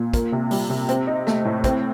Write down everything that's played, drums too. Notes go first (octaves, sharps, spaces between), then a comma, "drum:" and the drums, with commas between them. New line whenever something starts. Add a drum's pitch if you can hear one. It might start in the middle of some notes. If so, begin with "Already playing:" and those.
Already playing: A#2
A#3, drum: kick, hi-hat
C3
G3, drum: open hi-hat
C3
C4, drum: hi-hat
D#4
A3, drum: snare
A2
C4, drum: kick, hi-hat